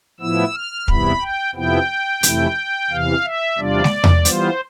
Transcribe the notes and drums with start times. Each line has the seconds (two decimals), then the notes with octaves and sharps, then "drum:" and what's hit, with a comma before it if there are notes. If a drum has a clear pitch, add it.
0.20 A2 F3 B3 E4 E6
0.54 F6
0.88 E2 C3 G3 B3 E4 B5, drum: kick
1.22 G5
1.55 F2 C3 F3 B3 E4 G5
2.23 F2 C3 E3 A3 E4, drum: hi-hat
2.90 E2 C3 E3 F5
3.25 E5
3.58 E2 C3 G3 D4 F4 D5
3.84 drum: snare G#3
4.04 drum: tom E2
4.25 E3 G3 B3 F4 C5, drum: hi-hat